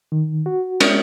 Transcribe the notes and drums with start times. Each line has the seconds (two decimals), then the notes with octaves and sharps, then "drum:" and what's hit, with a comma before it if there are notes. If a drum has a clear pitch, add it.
0.12 D#3
0.46 F#4
0.80 G#3, drum: cymbal